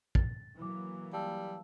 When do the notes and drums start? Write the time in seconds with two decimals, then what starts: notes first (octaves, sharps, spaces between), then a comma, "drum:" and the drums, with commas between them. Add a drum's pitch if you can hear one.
0.15 A6, drum: kick
0.58 E3 F#3 A#3 E4 D6
1.13 G3 F5 A5 E6